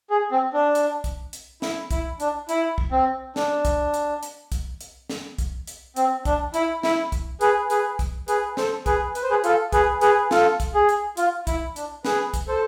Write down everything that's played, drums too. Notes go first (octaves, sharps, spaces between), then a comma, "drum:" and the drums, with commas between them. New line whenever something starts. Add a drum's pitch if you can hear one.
G#4
C4
D4
drum: hi-hat
drum: kick, hi-hat
drum: hi-hat
E4, drum: snare
E4, drum: kick, hi-hat
D4, drum: hi-hat
E4, drum: hi-hat
drum: kick
C4
D4, drum: snare
drum: kick, hi-hat
drum: hi-hat
drum: hi-hat
drum: kick, hi-hat
drum: hi-hat
drum: snare
drum: kick, hi-hat
drum: hi-hat
C4, drum: hi-hat
D4, drum: kick, hi-hat
E4, drum: hi-hat
E4, drum: snare
drum: kick, hi-hat
G#4 B4, drum: hi-hat
G#4 B4, drum: hi-hat
drum: kick, hi-hat
G#4 B4, drum: hi-hat
A4 C5, drum: snare
G#4 B4, drum: kick, hi-hat
B4, drum: hi-hat
C5
G#4 B4
F4 A4, drum: hi-hat
G#4 B4, drum: kick, hi-hat
G#4 B4, drum: hi-hat
F4 A4, drum: snare
drum: kick, hi-hat
G#4
drum: hi-hat
F4, drum: hi-hat
E4, drum: kick, hi-hat
D4, drum: hi-hat
G#4 B4, drum: snare
drum: kick, hi-hat
A4 C5